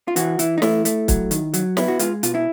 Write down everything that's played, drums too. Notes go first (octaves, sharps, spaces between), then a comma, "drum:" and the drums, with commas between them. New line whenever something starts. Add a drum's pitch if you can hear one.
F4
E3 F#4, drum: hi-hat
E3 E4, drum: hi-hat
D#4
A3 E4, drum: snare
A3, drum: hi-hat
F#3, drum: kick, hi-hat
D#3, drum: hi-hat
F#3, drum: hi-hat
B3 E4, drum: snare
F#4
G#3 F4, drum: hi-hat
B2 F4, drum: hi-hat
E4